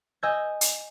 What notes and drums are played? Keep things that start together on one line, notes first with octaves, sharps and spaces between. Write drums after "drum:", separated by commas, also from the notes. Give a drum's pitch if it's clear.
D#5 G#5 E6 G6 G#6
drum: hi-hat